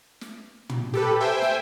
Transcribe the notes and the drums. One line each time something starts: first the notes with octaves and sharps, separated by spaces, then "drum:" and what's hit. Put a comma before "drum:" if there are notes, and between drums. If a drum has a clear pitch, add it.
drum: snare
drum: tom
G4 A4 B4, drum: snare
C5 E5 G5 G#5
drum: snare